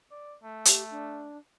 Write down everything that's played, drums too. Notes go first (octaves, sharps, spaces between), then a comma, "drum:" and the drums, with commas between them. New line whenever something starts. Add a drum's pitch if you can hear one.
D5
A3
G4, drum: hi-hat
D4